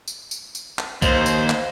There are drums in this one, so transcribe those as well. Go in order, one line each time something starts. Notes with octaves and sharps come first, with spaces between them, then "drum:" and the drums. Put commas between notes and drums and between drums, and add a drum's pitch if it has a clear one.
drum: tambourine
drum: tambourine
drum: tambourine
drum: clap
D#2 C5, drum: kick B1, tambourine
drum: tambourine
drum: clap